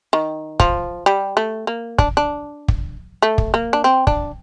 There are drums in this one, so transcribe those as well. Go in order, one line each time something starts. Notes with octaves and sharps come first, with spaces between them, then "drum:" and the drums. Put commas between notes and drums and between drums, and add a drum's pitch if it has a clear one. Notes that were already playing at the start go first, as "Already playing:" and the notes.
D#3
F3, drum: kick
G3
A3
A#3
D4, drum: kick
D4
drum: kick
A3
drum: kick
A#3
D4
C4
D4, drum: kick